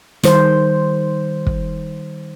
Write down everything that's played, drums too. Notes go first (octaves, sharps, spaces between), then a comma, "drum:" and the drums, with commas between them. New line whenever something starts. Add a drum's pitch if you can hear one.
D#3 G3 C5, drum: snare
drum: kick